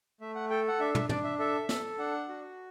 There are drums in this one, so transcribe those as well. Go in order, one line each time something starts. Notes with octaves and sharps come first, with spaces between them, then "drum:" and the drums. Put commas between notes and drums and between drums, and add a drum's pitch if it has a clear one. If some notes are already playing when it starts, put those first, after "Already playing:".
A3 E5
F#5
A4 G5
F#5
D4 E5
E5, drum: tom
D4 D5, drum: tom
E5
A4 E5
A4, drum: snare
D4 F#5
F#4